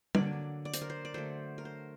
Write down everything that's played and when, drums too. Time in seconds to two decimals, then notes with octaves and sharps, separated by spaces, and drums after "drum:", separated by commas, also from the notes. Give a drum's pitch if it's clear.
0.15 D3 F#3 A#3 D5, drum: tom G3
0.65 D5
0.74 C5, drum: hi-hat
0.81 A#4
0.90 C5
1.05 D5
1.14 D3 F#3 A3 C5
1.58 A#4
1.65 C5